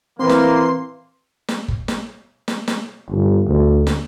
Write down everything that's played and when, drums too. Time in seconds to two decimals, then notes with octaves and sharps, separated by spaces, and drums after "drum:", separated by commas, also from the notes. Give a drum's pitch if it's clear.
0.19 E3 A#3 C4 B4 C6
0.29 drum: snare
1.48 drum: snare
1.68 drum: kick G1
1.88 drum: snare
2.48 drum: snare
2.68 drum: snare
3.09 G1
3.47 D2
3.87 drum: snare